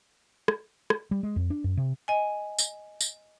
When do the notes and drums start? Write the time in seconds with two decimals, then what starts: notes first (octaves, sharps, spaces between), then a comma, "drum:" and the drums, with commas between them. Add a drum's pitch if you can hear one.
0.48 drum: rim click
0.90 drum: rim click
1.11 G3
1.23 G#3
1.36 F2
1.50 D4
1.64 F#2
1.77 C3
2.08 D#5 G#5
2.59 drum: tambourine
3.01 drum: tambourine